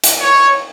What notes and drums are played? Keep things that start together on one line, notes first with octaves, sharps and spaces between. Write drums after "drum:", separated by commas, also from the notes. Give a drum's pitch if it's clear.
drum: hi-hat
C#5